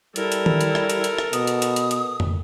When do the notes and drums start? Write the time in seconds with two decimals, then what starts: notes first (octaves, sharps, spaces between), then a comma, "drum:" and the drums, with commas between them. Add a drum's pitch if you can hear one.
0.16 G3 E4 A4 A#4, drum: hi-hat
0.32 drum: hi-hat
0.46 drum: tom D#3
0.61 drum: hi-hat
0.75 drum: rim click
0.90 drum: hi-hat
1.04 drum: hi-hat
1.18 drum: rim click
1.33 B2 D#6, drum: hi-hat
1.47 drum: hi-hat
1.62 drum: hi-hat
1.76 drum: hi-hat
1.91 drum: hi-hat
2.20 drum: tom F2